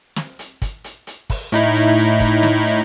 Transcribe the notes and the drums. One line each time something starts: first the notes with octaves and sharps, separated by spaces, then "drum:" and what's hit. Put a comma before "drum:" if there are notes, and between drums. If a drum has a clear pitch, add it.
drum: snare
drum: hi-hat
drum: kick, hi-hat
drum: hi-hat
drum: hi-hat
drum: kick, open hi-hat
A2 D#4 E4, drum: hi-hat
drum: hi-hat
drum: hi-hat
drum: kick, hi-hat
drum: snare
drum: hi-hat